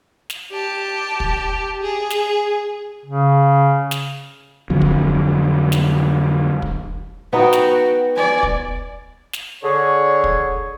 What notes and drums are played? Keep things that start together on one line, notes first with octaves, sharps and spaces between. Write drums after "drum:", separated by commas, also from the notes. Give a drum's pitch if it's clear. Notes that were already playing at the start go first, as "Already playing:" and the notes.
drum: snare
G4 A5
drum: kick
G#4
drum: snare
C#3
drum: snare
F2 D3 F#3 C4
drum: kick
drum: snare
drum: kick
B3 D#4 F#4 G5
drum: snare
D5 G#5
drum: kick
drum: snare
D3 G#4 C#5
drum: kick